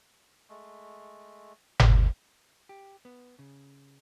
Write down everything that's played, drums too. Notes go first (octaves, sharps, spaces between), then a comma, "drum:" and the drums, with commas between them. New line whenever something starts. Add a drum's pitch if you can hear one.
G#3 A3
drum: tom G1
G4
B3
C#3